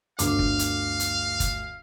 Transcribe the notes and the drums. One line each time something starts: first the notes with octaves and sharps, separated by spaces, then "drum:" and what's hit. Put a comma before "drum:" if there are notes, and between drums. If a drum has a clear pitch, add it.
G1 D2 F5 D6, drum: hi-hat
drum: kick
drum: hi-hat
drum: hi-hat
drum: kick, hi-hat